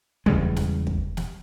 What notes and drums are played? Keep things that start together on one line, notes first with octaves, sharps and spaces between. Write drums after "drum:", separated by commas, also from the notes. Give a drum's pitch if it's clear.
E2 C#3 G3 G#3, drum: kick
drum: snare
drum: kick
drum: snare